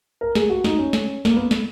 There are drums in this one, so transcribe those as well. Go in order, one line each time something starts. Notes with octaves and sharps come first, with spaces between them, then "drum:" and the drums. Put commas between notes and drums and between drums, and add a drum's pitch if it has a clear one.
A#4
G#4, drum: snare
F#4
D#4, drum: snare
C#4
drum: snare
A#3, drum: snare
B3
drum: snare